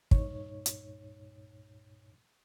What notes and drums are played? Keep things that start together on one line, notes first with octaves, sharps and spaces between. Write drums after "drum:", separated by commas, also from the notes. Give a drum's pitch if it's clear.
C2 G2 A#2 D#4 C#5, drum: kick
drum: hi-hat